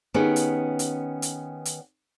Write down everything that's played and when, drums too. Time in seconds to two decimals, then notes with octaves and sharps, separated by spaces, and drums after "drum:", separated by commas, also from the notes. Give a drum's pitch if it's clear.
0.14 D#3 B3 C#4 G4 G#4
0.36 drum: hi-hat
0.79 drum: hi-hat
1.22 drum: hi-hat
1.65 drum: hi-hat